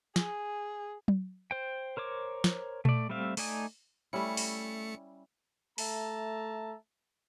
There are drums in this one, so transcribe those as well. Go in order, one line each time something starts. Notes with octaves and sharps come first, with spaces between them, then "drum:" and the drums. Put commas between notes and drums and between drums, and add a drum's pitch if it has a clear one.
G#4, drum: snare
drum: tom F#3
C5 G5
A#4 C5 C#5 D6
drum: snare
A3 D5, drum: tom A#2
G3 A3 C4 E5 F5
A3 D#4 D5 G#5 D#6, drum: open hi-hat
G3 A3 C#4 E4 C#7
drum: open hi-hat
A3 E5 A5 A#5, drum: open hi-hat